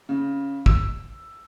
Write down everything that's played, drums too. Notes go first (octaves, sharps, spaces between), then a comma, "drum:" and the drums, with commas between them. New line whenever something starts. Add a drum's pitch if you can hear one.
C#3
E6, drum: kick